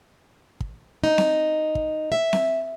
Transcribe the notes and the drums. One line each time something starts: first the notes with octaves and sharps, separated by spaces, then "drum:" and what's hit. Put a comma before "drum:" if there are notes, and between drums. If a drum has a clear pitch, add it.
drum: kick
D#4
drum: snare C4
drum: kick
E5
drum: snare C4